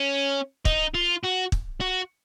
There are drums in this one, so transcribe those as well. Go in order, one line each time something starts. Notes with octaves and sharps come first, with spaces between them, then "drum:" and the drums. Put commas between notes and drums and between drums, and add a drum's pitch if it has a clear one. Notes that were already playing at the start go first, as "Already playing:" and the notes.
Already playing: C#4
D#4, drum: kick
F4
F#4
drum: kick
F#4